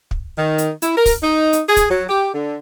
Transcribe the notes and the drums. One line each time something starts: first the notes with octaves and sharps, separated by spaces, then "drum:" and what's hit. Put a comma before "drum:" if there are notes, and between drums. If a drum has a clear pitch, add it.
drum: kick
D#3
drum: hi-hat
E4, drum: hi-hat
A#4
drum: kick, open hi-hat
D#4
drum: hi-hat
G#4
drum: kick, hi-hat
F#3
G4
D3